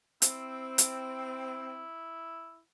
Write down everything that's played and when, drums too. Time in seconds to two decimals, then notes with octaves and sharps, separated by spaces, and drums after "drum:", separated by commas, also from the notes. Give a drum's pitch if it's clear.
0.22 C4 E4, drum: hi-hat
0.78 drum: hi-hat